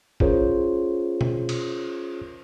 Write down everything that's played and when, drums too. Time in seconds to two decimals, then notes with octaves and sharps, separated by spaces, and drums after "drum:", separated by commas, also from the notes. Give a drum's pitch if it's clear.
0.20 C#4 F4 G#4 A#4 C5 C#5, drum: kick
1.21 drum: tom B2
1.49 drum: cymbal